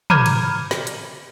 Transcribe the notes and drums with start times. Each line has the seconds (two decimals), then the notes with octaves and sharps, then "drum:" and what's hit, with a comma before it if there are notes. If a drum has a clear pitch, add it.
0.10 A#5 B5 D6 F6 G6 G#6, drum: tom
0.26 drum: cymbal
0.71 drum: snare
0.87 drum: hi-hat